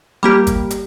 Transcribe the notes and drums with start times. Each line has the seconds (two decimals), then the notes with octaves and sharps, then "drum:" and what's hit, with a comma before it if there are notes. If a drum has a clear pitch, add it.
0.23 G3 A#3 G4
0.47 drum: kick G1, hi-hat
0.70 drum: hi-hat